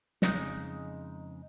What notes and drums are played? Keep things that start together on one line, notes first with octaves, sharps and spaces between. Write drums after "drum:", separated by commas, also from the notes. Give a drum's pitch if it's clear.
F2 C#3 G#3 D#4, drum: snare